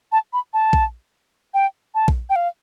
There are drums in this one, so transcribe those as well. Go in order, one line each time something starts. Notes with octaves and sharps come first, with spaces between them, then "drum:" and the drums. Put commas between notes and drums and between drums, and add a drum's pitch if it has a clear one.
A5
B5
A5
drum: kick A#1
G5
A5
drum: kick A#1
G5
F5